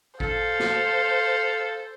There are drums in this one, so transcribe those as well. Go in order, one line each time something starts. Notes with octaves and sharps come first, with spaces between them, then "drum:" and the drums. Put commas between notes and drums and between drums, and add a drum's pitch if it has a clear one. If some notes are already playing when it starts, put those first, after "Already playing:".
A4 C5 F5, drum: kick A1
drum: snare